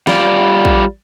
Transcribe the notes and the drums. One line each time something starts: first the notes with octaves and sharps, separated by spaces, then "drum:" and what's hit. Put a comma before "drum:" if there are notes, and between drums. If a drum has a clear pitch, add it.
G3 F4 D5, drum: snare
drum: kick